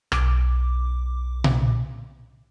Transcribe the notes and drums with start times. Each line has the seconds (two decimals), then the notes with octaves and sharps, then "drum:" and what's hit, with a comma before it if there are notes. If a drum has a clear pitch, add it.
0.12 B1 D6, drum: rim click
1.44 drum: tom A#2